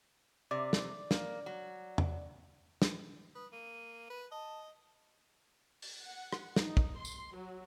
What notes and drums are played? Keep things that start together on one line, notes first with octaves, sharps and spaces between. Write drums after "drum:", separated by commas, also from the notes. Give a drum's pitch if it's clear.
C3 D5
drum: snare
A#3, drum: snare
F#3
drum: tom
drum: snare
B4 D#6
A#3 D#7
B4
D#5 A5
drum: open hi-hat
F#5
drum: rim click
D#4, drum: snare
drum: kick
C6
drum: tambourine
F#3